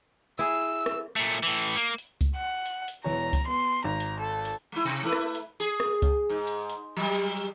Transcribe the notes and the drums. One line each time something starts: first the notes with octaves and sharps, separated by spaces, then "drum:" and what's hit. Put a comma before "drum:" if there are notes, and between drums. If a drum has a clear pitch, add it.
E4 G#4 E6
drum: rim click
A#2 A3
drum: hi-hat
A2 E3
drum: hi-hat
A#3
drum: hi-hat
drum: kick C#2, hi-hat
F#5
drum: hi-hat
drum: hi-hat
E1 E3 C#5 A#5
drum: kick C#2, hi-hat
B3 C6
G#1 A#5
drum: hi-hat
A4
drum: hi-hat
G#3 E4
C3
A3 E4 B4
drum: rim click
drum: hi-hat
G#4, drum: hi-hat
drum: rim click
drum: kick C#2, hi-hat
G#2
drum: hi-hat
drum: hi-hat
F#3 G3
drum: hi-hat
drum: hi-hat